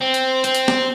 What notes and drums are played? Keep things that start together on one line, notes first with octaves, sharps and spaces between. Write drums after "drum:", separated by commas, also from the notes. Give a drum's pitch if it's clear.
C4
drum: hi-hat
C4, drum: hi-hat
drum: hi-hat
drum: snare